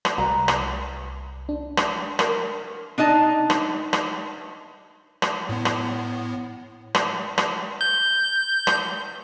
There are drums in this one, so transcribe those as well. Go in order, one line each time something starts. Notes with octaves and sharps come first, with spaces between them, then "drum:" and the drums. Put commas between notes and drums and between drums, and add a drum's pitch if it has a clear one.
drum: rim click
C2 B4 A#5
drum: rim click
D4
drum: rim click
A#4, drum: rim click
D4 D#4 D#5 A5
drum: rim click
drum: rim click
drum: rim click
A2 B3
drum: rim click
drum: rim click
drum: rim click
G6
drum: rim click